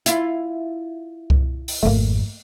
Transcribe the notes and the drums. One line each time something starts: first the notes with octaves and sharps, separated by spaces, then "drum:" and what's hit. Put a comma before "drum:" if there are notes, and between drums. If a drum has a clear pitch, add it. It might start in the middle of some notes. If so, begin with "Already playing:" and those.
E4 F4, drum: hi-hat
drum: kick C2
drum: open hi-hat
G#1 F2 A3 A#3